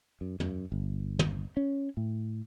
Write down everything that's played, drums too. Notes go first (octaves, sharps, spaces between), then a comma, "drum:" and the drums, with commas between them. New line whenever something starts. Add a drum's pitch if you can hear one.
F#2
F#2, drum: tom
G1
drum: tom
C#4
A2